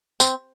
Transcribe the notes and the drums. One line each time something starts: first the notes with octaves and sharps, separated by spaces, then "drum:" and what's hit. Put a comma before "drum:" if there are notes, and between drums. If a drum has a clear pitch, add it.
C4, drum: tambourine